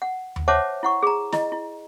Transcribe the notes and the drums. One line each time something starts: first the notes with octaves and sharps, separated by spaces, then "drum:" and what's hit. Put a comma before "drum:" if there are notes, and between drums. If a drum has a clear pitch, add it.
F#5
drum: tom D#2
C5 C#5 E5 F#5 A5 D6
E4 F#5 C#6
G#4 A#5
E4 D#5, drum: snare
E4